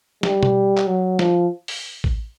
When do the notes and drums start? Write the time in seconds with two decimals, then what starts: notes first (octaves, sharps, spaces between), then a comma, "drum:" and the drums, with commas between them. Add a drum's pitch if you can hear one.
0.23 G3, drum: snare
0.43 drum: tom B2
0.77 drum: clap
0.87 F#3
1.19 F3, drum: snare
1.68 drum: open hi-hat
2.04 drum: kick A1